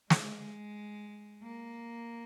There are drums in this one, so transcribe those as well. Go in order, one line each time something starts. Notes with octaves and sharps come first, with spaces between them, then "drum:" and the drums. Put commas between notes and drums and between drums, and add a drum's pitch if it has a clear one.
G#3, drum: snare
A#3